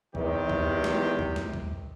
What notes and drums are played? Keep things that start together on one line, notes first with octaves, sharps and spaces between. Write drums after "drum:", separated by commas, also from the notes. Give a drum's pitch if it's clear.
E2 C3 D#3 G4, drum: kick
drum: kick
drum: snare
drum: kick
drum: snare
drum: kick